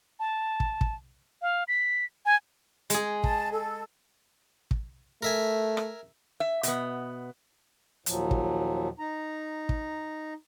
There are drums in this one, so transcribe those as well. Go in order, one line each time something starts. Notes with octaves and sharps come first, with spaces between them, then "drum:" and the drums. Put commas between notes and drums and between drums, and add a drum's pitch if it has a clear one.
A5
drum: kick
drum: kick
F5
B6
G#5
G#3 G#4, drum: hi-hat
A5, drum: kick
A4
drum: kick
A3 A#4 E5 G#5
drum: rim click
E5
B2 B3, drum: hi-hat
D#2 A#2 F3 F#3, drum: hi-hat
drum: kick
D#4 A#5
drum: kick